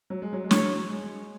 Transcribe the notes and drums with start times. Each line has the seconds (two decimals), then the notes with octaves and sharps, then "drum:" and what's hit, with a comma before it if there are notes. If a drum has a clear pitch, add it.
0.10 F#3
0.22 G#3
0.33 F#3
0.44 G#3
0.51 C#5, drum: snare
0.56 F#3
0.90 G#3